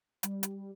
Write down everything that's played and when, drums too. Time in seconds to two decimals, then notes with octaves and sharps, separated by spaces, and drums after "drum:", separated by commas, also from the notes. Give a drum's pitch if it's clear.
0.23 G3, drum: hi-hat
0.43 drum: hi-hat